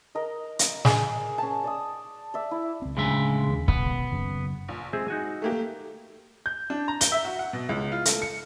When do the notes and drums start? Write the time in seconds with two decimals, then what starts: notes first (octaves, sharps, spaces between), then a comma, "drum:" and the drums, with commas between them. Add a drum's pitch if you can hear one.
0.15 A#4 D#5
0.59 drum: hi-hat
0.85 G#4, drum: snare
1.38 C#4 A5
1.64 D5 D#6
2.34 D5 E5
2.51 E4
2.82 C#2 C4
2.97 D1 C#3 G#3 C#4 D4 E5
3.50 D#2
3.68 B2 D#3 B3, drum: kick C#1
4.12 F#2 C#3
4.68 A#1
4.93 G#3 C4 G#4 E5
5.08 D#4 F#4 G#5
5.42 A3 A#3 G4
6.46 G6
6.70 D4
6.88 A#5
7.01 G7, drum: hi-hat
7.12 E5
7.24 F#4
7.39 F#5
7.53 B2
7.69 C#2
7.92 F4
8.05 A3, drum: hi-hat
8.22 C#7